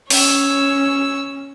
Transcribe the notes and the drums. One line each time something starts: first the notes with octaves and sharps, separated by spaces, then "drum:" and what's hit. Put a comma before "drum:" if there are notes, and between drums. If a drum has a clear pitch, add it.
C#4 C#5 E6, drum: open hi-hat